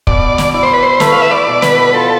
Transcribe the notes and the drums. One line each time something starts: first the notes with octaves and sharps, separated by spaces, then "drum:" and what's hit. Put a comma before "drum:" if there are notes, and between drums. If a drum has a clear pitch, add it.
B2 D5, drum: kick
drum: snare
E4 D5
C5
B4
C5
A3 B4, drum: snare
F5
E5
D5
B2
B4, drum: snare
F3 A4